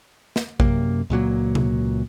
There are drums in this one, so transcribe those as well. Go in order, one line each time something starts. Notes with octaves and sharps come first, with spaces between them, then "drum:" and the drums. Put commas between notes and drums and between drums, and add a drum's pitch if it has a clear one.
drum: snare
F#2 C3 A#3, drum: kick A#1
C#2 A#2 F#3 A#3
drum: tom C3